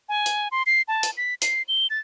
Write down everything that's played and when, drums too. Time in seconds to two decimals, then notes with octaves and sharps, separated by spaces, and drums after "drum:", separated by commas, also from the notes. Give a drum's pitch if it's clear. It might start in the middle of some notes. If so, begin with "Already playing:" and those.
0.09 G#5
0.26 drum: hi-hat
0.52 C6
0.66 C7
0.88 A5
1.03 drum: hi-hat
1.17 B6
1.42 C7, drum: hi-hat
1.68 G7
1.90 A6